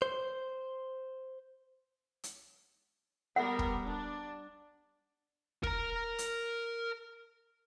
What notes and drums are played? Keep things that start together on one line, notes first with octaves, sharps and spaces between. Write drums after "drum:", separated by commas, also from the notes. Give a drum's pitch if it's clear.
C5
drum: hi-hat
G3 B3 A#4 F#5
drum: kick
D4
A#4 A#5, drum: kick
drum: hi-hat